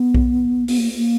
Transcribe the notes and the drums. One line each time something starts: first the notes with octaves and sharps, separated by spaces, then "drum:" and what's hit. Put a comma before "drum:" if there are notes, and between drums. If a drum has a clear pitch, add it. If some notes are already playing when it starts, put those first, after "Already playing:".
Already playing: B3
drum: kick B1
B3, drum: open hi-hat
A#3
A#3